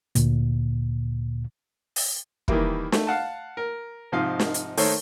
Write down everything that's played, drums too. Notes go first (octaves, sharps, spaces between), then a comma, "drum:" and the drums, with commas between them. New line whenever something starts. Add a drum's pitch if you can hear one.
D2 A#2, drum: hi-hat
drum: open hi-hat
D#3 E3 G3 A#3 E4, drum: kick
A3, drum: snare
F5 F#5 A5
A#4
G#2 C3 F3 D#4 D#5 F5
drum: snare
drum: hi-hat
D#3 A3 A4 A#4 C5 C#5, drum: open hi-hat